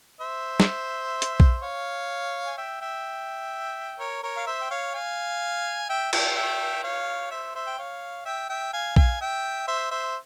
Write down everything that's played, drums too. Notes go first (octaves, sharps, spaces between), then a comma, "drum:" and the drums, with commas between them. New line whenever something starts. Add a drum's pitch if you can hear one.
C5 E5
drum: snare
drum: hi-hat
drum: kick A#1
C#5 F5
G#5
E5 G5
E5 G5
A#4 C#5
A#4 C#5
F5
C5 E5
G5
C#5 F5
F5 G#5
E5 G5
E5 G5, drum: cymbal
E5 G5
C#5 F5
C5 E5
C5 E5
G5
C#5 F5
E5 G5
E5 G5
F5 G#5
F5 G#5, drum: kick A#1
E5 G5
C5 E5
C5 E5